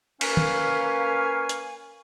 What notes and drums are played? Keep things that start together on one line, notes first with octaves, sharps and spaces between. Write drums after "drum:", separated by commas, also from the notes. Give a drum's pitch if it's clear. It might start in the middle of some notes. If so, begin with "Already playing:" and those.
A#3 C#4 B4 C#5 F5 G#5, drum: cymbal
drum: tom D#3
drum: hi-hat